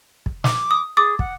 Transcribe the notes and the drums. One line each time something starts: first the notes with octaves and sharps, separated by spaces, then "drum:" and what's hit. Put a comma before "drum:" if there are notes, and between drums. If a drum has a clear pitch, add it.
drum: kick
D6, drum: snare
D#6
G#4 D6 D#6 A6
F#5, drum: kick